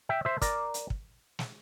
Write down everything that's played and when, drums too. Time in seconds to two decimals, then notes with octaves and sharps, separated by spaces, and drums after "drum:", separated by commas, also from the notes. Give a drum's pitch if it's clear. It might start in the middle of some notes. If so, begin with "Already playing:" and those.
0.09 E5 G5
0.25 C5 E5
0.42 A#4 D5, drum: kick, hi-hat
0.74 drum: hi-hat
0.90 drum: kick
1.39 drum: snare